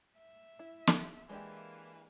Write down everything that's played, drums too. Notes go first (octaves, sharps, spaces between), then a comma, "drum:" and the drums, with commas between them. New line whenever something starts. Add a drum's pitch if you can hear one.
E5
E4
drum: snare
E3 G#3 A#3 D4 G4